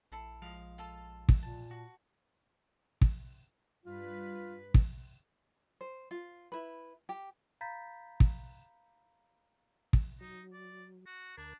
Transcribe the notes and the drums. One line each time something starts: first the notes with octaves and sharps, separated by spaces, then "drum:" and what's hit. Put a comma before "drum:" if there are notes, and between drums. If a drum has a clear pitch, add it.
A#1 E4 A4 C6
F3 G#3 F5
F4 A4 A5
drum: kick
A#2 A5
F#4
drum: kick
G2 F4 B4
drum: kick
C5
F4
E4 B4
G4
F5 A#5 B5 G6 A6 B6
drum: kick
drum: kick
F#3 D#4
D5
F#4
D2 D4 A#4 G#6